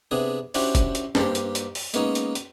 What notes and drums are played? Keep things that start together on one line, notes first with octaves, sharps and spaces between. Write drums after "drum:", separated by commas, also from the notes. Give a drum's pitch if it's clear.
C3 B3 D4 G#4 D#6
C#4 D4 E4 F#4 G4 C5, drum: open hi-hat
drum: kick, hi-hat
drum: hi-hat
G2 A#3 G4 C5, drum: snare
drum: hi-hat
drum: hi-hat
drum: open hi-hat
G#3 A#3 B3 C#4 D#4 C#5, drum: hi-hat
drum: hi-hat
drum: hi-hat